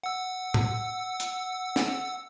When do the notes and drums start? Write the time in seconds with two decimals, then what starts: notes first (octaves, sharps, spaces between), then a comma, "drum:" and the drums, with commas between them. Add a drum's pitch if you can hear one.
0.04 F#5 E6
0.54 drum: tom
1.20 drum: hi-hat
1.76 drum: snare